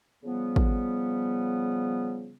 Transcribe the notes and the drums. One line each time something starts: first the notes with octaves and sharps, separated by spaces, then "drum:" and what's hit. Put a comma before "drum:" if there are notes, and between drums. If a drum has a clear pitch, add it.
C#3 F3 G3 B3
drum: kick